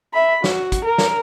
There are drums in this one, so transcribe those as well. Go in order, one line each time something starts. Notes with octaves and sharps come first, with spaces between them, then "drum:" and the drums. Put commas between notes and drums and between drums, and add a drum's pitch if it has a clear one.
E5 B5
F#4, drum: snare
drum: kick, hi-hat
A#4
drum: snare